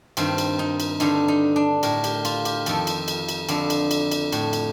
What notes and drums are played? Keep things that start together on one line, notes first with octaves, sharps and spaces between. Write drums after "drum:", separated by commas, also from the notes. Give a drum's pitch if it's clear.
G2 D#3 C4, drum: cymbal
drum: cymbal
D#4
drum: cymbal
G2 D3 D#4, drum: cymbal
D#4
D4
A2 A#4, drum: cymbal
G4, drum: cymbal
F4, drum: cymbal
G4, drum: cymbal
F2 D#3 A4, drum: cymbal
drum: cymbal
drum: cymbal
drum: cymbal
F2 D3, drum: cymbal
drum: cymbal
drum: cymbal
drum: cymbal
A2, drum: cymbal
drum: cymbal